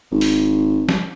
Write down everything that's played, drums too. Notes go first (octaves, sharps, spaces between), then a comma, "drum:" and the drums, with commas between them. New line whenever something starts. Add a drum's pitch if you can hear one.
G#1
drum: open hi-hat
drum: snare